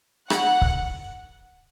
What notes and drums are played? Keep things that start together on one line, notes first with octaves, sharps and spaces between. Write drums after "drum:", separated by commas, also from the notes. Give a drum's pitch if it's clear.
F#5, drum: rim click
drum: kick